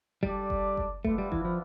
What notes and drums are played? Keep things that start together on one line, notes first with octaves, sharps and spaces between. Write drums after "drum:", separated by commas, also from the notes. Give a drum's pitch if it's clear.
G3 D4 A4 D5, drum: kick F#1
drum: kick F#1
drum: kick F#1
A3 B3 D4 F4 B4 E5, drum: kick F#1
G3
E3, drum: kick F#1
F3